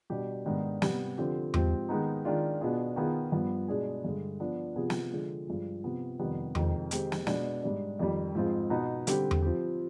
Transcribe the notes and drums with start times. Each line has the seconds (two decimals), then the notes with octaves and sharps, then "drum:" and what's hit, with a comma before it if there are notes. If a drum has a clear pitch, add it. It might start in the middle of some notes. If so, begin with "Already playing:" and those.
0.10 B2 G3 D4 G4
0.46 G#2 D#3 B3 D4
0.82 C3 G3 B3, drum: snare
1.18 D3 F3 C4 G4
1.54 G#2 F3 C4 G4, drum: tom E2
1.89 D#3 G#3 B3 D#4
2.25 D#3 G#3 D4 F4
2.61 B2 B3 D4 F4 G#4
2.96 D#3 B3 F4 G#4
3.32 G2 F3 B3
3.68 B2 G#3 D4 G#4
4.04 G2 D3 G#3
4.40 F3 B3 D4
4.76 C3 F3 B3 F4 G#4
4.90 drum: snare
5.11 D3 F3 G#3
5.48 G2 F3 G#3
5.84 C3 F3 B3
6.19 F2 C3 D#3 G3 B3
6.55 F2 C3 D#3 G#3 C4, drum: tom E2
6.91 D#3 G#3 C4 G4, drum: hi-hat
7.12 drum: snare
7.27 B2 G#3 B3 D4, drum: snare
7.63 G#2 G3 D4
7.99 F2 D#3 G3
8.35 G#2 F3 C4 F4 G#4
8.70 B2 B3 D#4
9.07 D3 G3 C4 G4, drum: hi-hat
9.31 drum: tom E2
9.42 F3 C4 G4